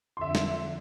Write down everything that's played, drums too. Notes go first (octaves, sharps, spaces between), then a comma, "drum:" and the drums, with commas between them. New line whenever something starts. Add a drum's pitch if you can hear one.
F2 D3 E5 C6
drum: snare